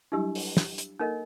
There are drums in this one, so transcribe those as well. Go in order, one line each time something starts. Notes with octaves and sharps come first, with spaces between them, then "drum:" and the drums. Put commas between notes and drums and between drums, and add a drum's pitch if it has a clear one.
F#3 G3 D4 E4 G4
drum: open hi-hat
drum: snare
drum: hi-hat
A#3 D#4 A4 A#4 D#5